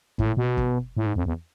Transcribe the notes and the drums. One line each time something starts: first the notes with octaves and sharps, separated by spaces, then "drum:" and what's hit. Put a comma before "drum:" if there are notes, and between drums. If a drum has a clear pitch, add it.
A2, drum: kick
B2
drum: kick
A2
G#2
F2
E2